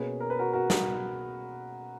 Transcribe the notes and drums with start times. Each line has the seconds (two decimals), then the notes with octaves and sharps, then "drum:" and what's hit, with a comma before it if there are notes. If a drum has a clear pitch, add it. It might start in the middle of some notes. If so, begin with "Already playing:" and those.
Already playing: B2 A#3 C#4 G#4 B4
0.20 A#4
0.30 B4
0.39 F#4 A#4
0.53 F#4 A#4
0.70 drum: snare